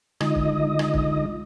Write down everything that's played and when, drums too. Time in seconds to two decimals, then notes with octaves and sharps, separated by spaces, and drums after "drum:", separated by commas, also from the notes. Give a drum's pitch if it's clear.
0.21 D3 G#3 D#4 F4 D#5 D#6, drum: rim click
0.35 drum: kick
0.79 drum: rim click
0.94 drum: kick